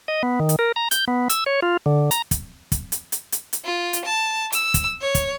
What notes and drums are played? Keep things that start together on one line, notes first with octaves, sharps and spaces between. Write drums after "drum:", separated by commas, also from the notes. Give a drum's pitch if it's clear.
D#5
B3
D#3
drum: hi-hat
A#4
A#5
G6, drum: hi-hat
B3
E6, drum: hi-hat
C#5
F4
D3
A#5, drum: hi-hat
drum: kick, hi-hat
drum: kick, hi-hat
drum: hi-hat
drum: hi-hat
drum: hi-hat
drum: hi-hat
F4
drum: hi-hat
A5
E6, drum: hi-hat
drum: kick, hi-hat
C#5
drum: kick, hi-hat